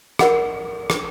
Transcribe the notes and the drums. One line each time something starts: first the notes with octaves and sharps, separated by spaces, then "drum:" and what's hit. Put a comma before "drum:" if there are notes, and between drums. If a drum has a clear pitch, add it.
A#4 D#5 F#5 B5, drum: rim click
drum: rim click